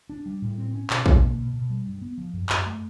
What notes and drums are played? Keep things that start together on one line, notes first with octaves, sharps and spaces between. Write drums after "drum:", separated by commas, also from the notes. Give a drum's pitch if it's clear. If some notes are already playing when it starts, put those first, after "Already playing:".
D4
G3
A2
C4
C#4
B2, drum: clap
B2, drum: kick
A#3
B2
B2
G3
G2
B3
F3
F#2
F#2, drum: clap
A3